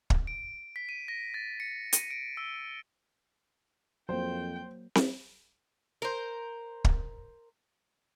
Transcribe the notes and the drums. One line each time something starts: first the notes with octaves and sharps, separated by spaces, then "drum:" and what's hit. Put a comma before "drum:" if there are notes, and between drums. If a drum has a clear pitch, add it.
drum: kick
D7
B6
D#7
A#6
A6
C#7
D#7, drum: hi-hat
D7
E6
F2 F#3 A#3 C5 G5
drum: snare C4
A#4 C5
drum: kick